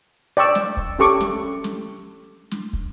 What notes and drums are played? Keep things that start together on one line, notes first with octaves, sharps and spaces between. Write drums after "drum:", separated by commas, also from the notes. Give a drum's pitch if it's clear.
D5 G5 C#6 E6
drum: snare
drum: kick
C#4 G4 A4 C#6 D6
drum: snare
drum: snare
drum: snare
drum: kick